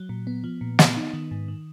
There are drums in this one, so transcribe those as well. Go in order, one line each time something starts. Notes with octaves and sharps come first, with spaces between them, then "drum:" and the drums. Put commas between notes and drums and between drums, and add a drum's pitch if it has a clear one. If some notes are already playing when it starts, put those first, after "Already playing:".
Already playing: F#3
A#2
B3
F3
A#2
B3, drum: snare
D#4
D#3
G#2
D#3